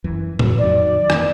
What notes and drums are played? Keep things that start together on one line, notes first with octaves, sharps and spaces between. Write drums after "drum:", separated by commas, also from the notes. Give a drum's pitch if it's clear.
F#2 E3
F2 F#3, drum: tom A2
F2 D#3 F#3 D5
D#3 E3 A#3, drum: rim click